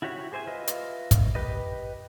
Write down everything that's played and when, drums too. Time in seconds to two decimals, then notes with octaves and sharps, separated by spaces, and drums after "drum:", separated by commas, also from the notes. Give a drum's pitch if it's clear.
0.02 E4 F#4 G4 C#5 E5
0.32 G4 G#4 C5 E5 G#5
0.47 F4 B4 D#5 E5
0.67 drum: hi-hat
1.11 drum: kick, hi-hat
1.35 G4 B4 D#5